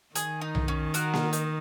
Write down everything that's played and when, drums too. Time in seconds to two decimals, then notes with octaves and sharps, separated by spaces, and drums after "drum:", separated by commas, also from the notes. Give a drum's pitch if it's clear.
0.15 D#3 G#4, drum: hi-hat
0.41 D#4
0.55 drum: tom B1
0.68 C#4
0.94 F#4 A#4, drum: hi-hat
1.13 drum: snare A#3
1.33 D#4, drum: hi-hat